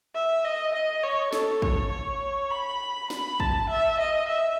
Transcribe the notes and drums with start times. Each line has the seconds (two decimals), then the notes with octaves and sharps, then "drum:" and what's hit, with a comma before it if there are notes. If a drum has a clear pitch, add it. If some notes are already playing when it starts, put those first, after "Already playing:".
0.15 E5
0.45 D#5
0.74 D#5
1.03 C#5
1.33 A4, drum: snare
1.62 C#5, drum: kick
1.92 C#5
2.51 B5
3.10 B5, drum: snare
3.40 A5, drum: kick
3.69 E5
3.99 D#5
4.28 E5